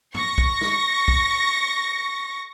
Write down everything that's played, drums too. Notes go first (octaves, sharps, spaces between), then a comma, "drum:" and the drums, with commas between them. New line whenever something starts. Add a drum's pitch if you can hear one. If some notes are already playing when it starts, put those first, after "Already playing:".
C#6 A#6, drum: tom F#2
drum: kick
drum: snare
drum: kick